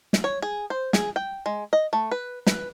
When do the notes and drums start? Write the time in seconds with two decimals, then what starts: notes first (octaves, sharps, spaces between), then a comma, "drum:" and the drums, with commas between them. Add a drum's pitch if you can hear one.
0.13 drum: snare
0.24 C#5
0.42 G#4
0.70 C5
0.93 G#4, drum: snare
1.16 G5
1.46 G#3
1.73 D#5
1.93 A3
2.11 B4
2.47 B4, drum: snare